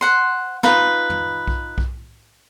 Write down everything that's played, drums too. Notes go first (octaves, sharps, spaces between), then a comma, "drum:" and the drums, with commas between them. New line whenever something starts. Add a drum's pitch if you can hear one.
C5 F#5 C6
D#4 F4 B4, drum: snare
drum: tom
drum: kick B1
drum: kick B1